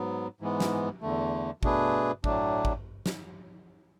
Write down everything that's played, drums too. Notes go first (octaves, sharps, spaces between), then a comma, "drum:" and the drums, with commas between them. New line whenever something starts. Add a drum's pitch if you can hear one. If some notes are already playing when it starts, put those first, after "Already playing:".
Already playing: G#2 F#3 B3
G#2 E3 G#3 B3
drum: snare
E2 D3 A3
B2 A3 D4 G#4 B4, drum: kick G#1
A2 F#3 A3 D4, drum: kick G#1
drum: kick G#1
drum: snare